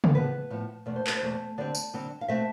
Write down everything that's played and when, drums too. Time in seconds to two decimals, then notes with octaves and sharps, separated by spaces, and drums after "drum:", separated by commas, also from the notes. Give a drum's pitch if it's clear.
0.04 drum: tom C#3
0.15 A2 F3 B3 B4
0.50 A2 F3 B3
0.86 E2 B2 A3 D5
0.96 C5
1.07 B4, drum: clap
1.16 C5
1.22 E2 B2 A3
1.58 D3 G3 C4 D5
1.75 drum: tambourine
1.94 D3 G3 C4
2.21 F5
2.28 B2 A3 C4 E5